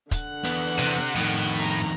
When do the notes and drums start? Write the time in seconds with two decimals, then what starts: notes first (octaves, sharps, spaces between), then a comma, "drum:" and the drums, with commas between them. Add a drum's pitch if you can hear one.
0.11 D3 F#5, drum: kick, hi-hat
0.44 E2 B3, drum: hi-hat
0.79 C3, drum: hi-hat
1.16 F2 A2 D#3, drum: hi-hat
1.59 A#5